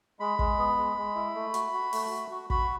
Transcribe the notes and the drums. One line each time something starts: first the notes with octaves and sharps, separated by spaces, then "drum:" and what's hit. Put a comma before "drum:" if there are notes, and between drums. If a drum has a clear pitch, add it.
G#3 B5
G#3, drum: kick
B3
G#3
G#3
E4
A3
F#4, drum: hi-hat
F#4
A3, drum: open hi-hat
F#4
F#4
F#4 B5, drum: kick